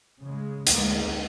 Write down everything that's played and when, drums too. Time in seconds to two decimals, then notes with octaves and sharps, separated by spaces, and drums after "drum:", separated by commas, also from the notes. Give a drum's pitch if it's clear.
0.21 C#3 G#3
0.67 D2 D3 G#3 A#3, drum: hi-hat